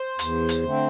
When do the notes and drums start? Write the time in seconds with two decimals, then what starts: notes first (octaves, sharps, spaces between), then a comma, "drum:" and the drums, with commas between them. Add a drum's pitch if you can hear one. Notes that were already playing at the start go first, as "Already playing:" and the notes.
Already playing: C5
0.19 E2, drum: hi-hat
0.49 drum: hi-hat
0.63 D3 A3 C4